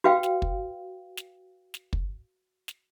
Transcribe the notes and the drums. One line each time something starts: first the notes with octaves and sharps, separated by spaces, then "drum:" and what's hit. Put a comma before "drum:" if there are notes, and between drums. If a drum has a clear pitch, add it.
F#4 B4 F5 G5
drum: snare
drum: kick
drum: snare
drum: snare
drum: kick
drum: snare